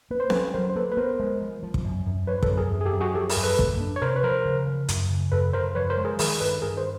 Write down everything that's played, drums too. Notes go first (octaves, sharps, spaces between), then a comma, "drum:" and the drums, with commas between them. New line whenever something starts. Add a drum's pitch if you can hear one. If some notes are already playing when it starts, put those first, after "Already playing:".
A#3 B4
C5
C#4 A4 B4, drum: snare C4
F#3 A#4 C5
C5
A#3 A4 B4
B4
B3 A#4 C5
G#3
F3
F3
drum: kick
F#2
F#2
F3 B4 C#5
A4 B4, drum: kick
F#2
G#4 A#4
F#2
G#4
G4 A4
F#2
F#4 G#4
F3 G4 A4
G#4 A#4, drum: open hi-hat
F#2
A4 B4
A#3, drum: kick
D4
C#5
C3 A#4 C5
B4
F3 A#4 C5
C#3
F3
F#2, drum: hi-hat
C#3
F#2 A4 B4
C#3 A#4 C5
F3 B4 C#5
A#4 C5
G#3
G#4 A#4
D#3 G#4 A#4, drum: open hi-hat
G2 A4 B4
G2 G#4 A#4
A#4 C5